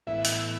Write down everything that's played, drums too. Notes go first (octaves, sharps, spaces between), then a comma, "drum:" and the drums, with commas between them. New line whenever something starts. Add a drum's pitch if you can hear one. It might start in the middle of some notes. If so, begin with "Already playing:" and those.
A2 E3 B3 E4 E5
drum: open hi-hat